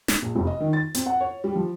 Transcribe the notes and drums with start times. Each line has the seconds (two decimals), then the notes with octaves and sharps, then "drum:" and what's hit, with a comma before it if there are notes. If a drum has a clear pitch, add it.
0.08 drum: snare
0.22 A#1
0.35 F1
0.47 D#5
0.60 D#3
0.73 A6
0.95 C4, drum: hi-hat
1.06 F#5
1.20 C#5
1.44 G3
1.55 F3